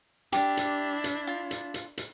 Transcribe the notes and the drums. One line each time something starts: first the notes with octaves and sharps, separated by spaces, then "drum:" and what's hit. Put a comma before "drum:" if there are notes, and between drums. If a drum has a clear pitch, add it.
D4 E4 G4, drum: hi-hat
drum: hi-hat
drum: hi-hat
F4
drum: hi-hat
drum: hi-hat
drum: hi-hat